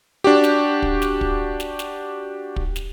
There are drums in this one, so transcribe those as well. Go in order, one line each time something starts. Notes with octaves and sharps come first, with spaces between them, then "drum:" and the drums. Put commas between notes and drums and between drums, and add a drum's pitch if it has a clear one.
D4 F#4 G4
drum: snare
drum: kick
drum: snare
drum: kick
drum: snare
drum: snare
drum: kick
drum: snare